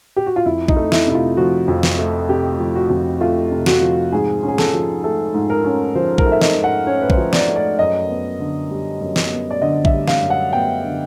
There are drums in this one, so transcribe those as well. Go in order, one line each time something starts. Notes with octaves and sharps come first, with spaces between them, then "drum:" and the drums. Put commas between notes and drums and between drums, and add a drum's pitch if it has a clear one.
G4
F#4
F4
F2 E4
D#4, drum: kick A#1
A3
E4, drum: snare
C3 E4
F4
F3 F#4
F2
drum: snare
A3
C3 G4
F3
F#4
F2
A3 F4
C3
F#4, drum: snare
F3
G#2 G#4
C#4
G#4
A4, drum: snare
F3
A3 A4
G#2
A#4
C#4
F3 C5
A#4, drum: kick A#1
A3
E5
D#5, drum: snare
G#2
F#5
C#4 C#5
B4
C5, drum: kick A#1
F3
D5, drum: snare
A3
D5
F#2 D#5
B3
D3
G3
F#2
drum: snare
B3
D5
D3 D#5
E5, drum: kick A#1
G3
F5, drum: snare
F#2
F#5
B3 G5
D3